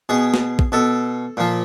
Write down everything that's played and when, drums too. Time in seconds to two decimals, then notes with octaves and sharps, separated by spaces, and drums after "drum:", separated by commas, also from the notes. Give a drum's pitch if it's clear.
0.09 B2 G#4
0.34 drum: snare
0.59 drum: kick A#1
0.72 B2 A4
1.37 A#2 F3